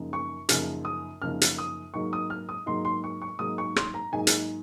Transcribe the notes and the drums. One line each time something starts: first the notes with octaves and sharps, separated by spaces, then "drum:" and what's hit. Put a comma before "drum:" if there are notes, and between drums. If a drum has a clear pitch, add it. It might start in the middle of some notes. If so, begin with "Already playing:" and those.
Already playing: F#2 C#3 F3 A#3 D#4
C#6
F#2 C#3 F3 A#3 D#4 F6, drum: hi-hat
D#6
F#2 C#3 F3 A#3 D#4 F6
drum: hi-hat
D#6
G#2 F#3 A#3 D#4 C#6
D#6
F6
D#6
G#2 F#3 A#3 D#4 C6
C6
C#6
C#6
G#2 F#3 A#3 D#4 D#6
C#6
C6, drum: rim click
A#5
G#2 F#3 A#3 D#4 G#5
drum: hi-hat